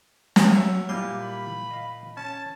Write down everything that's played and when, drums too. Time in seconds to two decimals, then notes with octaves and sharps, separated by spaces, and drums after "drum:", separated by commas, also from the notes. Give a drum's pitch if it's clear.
0.36 drum: snare
0.52 F#3 E5 A#5
0.89 A#2 G3 A#3 E4 C6
1.22 B5
1.71 D#5 F5
2.17 C#4 A5